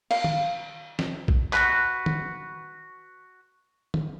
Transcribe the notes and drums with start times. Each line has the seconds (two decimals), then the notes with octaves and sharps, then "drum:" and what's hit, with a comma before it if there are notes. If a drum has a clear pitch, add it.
0.11 F5, drum: cymbal
0.24 drum: tom
0.99 drum: snare
1.28 drum: kick
1.53 F#4 B4, drum: clap
2.06 drum: tom
3.94 drum: tom